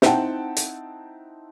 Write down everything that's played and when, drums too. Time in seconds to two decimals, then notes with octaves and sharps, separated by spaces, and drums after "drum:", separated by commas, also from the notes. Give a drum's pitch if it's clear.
0.02 C4 D#4 E4 F#5 G5 A5, drum: snare
0.57 drum: hi-hat